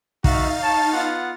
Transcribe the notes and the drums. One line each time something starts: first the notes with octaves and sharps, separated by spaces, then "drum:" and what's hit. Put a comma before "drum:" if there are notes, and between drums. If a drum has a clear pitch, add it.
D#4 F#4 A#4 E5 F5 A6, drum: kick
C#5 A5
B3 F4 F#5